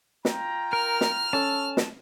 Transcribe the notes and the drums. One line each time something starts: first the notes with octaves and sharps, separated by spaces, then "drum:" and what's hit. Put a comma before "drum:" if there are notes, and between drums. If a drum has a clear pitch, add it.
F4 G5 A#5, drum: snare
A#4 F6
drum: snare
C#4 A4 A5
drum: snare